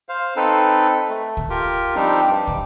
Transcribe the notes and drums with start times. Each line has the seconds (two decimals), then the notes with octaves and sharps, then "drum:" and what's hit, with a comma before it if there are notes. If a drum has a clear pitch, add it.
0.09 C5 F5
0.36 C4 D#4 A4 B4
1.09 A3
1.37 drum: kick
1.50 F4 G4 A#4
1.95 F3 G3 C4 D4 D#4 G4
2.28 G2 D6
2.47 drum: kick